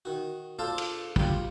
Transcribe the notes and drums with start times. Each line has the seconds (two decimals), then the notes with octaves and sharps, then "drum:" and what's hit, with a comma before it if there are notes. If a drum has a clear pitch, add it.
0.05 D#3 F#4
0.59 F4 A4 C5 D5 F5 A5
0.78 drum: cymbal
1.16 G3 F4, drum: kick